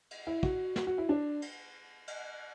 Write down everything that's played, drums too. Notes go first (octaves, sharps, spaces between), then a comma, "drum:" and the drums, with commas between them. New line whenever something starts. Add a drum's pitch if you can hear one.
drum: cymbal
E4
F#4, drum: kick
F#4, drum: snare
F#4
E4
D4
drum: cymbal
drum: cymbal